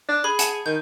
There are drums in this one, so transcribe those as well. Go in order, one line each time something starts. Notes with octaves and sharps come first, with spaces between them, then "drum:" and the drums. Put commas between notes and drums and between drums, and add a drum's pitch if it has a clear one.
D4
G#4 B5
F#5 G#5 A5, drum: hi-hat
D#3 G6